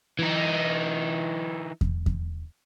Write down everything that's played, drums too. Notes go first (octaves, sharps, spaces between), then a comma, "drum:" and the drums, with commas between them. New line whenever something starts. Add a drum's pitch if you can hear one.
E3 D#4
drum: kick E2
drum: kick E2